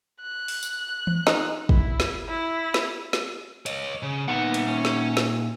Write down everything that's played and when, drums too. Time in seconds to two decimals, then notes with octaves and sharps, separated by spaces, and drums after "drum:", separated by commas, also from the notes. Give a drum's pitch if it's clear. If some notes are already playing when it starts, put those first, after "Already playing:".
0.22 F#6
0.48 drum: open hi-hat
0.63 drum: tambourine
1.07 drum: tom E3
1.27 D#4, drum: snare
1.69 E4, drum: kick
2.00 drum: snare
2.29 E4
2.74 drum: snare
3.13 drum: snare
3.66 C#5 D#5, drum: hi-hat
4.03 C#3
4.28 A#2 B3 D#4 F#5
4.54 drum: hi-hat
4.67 C#4
4.85 drum: snare
5.17 drum: snare